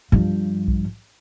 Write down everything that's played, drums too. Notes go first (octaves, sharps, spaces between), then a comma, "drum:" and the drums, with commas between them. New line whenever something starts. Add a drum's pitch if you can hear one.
G2 F3
drum: kick A#1